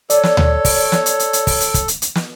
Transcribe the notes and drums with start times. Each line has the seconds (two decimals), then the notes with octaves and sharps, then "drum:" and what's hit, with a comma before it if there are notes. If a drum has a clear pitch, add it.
0.10 A4 C#5 D5, drum: hi-hat
0.23 drum: snare
0.37 drum: tom D2
0.65 drum: kick, open hi-hat
0.92 drum: snare
1.06 drum: hi-hat
1.19 drum: hi-hat
1.33 drum: hi-hat
1.47 drum: kick, open hi-hat
1.61 drum: hi-hat
1.74 drum: kick, hi-hat
1.88 drum: hi-hat
2.02 drum: hi-hat
2.15 drum: snare